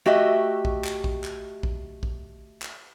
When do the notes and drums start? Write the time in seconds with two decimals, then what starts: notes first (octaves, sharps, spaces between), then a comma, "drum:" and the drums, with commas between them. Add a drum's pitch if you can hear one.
0.06 A3 F#4 G4 D#5 E5
0.65 drum: kick A#1
0.84 drum: clap
1.04 drum: kick A#1
1.24 drum: clap
1.63 drum: kick A#1
2.03 drum: kick A#1
2.62 drum: clap